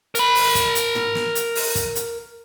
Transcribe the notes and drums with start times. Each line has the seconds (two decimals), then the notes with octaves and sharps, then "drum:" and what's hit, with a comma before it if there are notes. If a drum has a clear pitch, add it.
0.15 A#4 B5, drum: hi-hat
0.35 drum: open hi-hat
0.55 drum: kick, hi-hat
0.75 drum: hi-hat
0.95 drum: tom
1.15 drum: snare
1.35 drum: hi-hat
1.55 drum: open hi-hat
1.75 drum: kick, hi-hat
1.95 drum: hi-hat